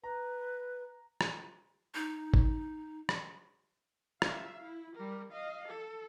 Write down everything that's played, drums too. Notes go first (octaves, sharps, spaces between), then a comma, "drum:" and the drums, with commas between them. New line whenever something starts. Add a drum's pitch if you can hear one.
B4 A#5
drum: rim click
D#4
drum: kick
drum: rim click
E5 F5, drum: rim click
E4
G3 A#4
D#5 F5
A4